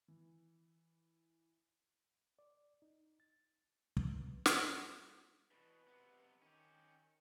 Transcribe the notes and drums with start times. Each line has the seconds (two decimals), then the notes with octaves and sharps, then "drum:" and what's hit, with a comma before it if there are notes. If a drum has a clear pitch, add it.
0.08 E3
2.39 D5
2.82 D#4
3.20 A6
3.97 drum: kick
4.20 B3
4.46 D5, drum: snare
4.73 G3
4.90 F#4
5.51 E2 B2 B4
5.88 C3 B3
6.42 D#3 C#4 G4